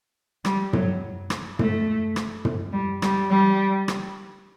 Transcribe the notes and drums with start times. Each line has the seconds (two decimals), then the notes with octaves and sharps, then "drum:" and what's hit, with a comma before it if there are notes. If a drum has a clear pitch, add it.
0.45 G3, drum: rim click
0.73 F#3, drum: tom
1.30 drum: rim click
1.59 A3, drum: tom
2.16 drum: rim click
2.45 drum: tom
2.73 G3
3.02 G3, drum: rim click
3.31 G3
3.88 drum: rim click